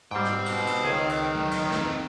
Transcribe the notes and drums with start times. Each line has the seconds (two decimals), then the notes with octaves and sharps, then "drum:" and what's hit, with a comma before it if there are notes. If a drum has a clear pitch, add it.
0.11 G#2 G3 C5 G5
0.25 drum: snare
0.46 B2, drum: cymbal
0.67 drum: cymbal
0.85 C#2 D#3 G#4
1.09 drum: cymbal
1.35 F#3 A3
1.51 drum: cymbal
1.72 C4 A4, drum: snare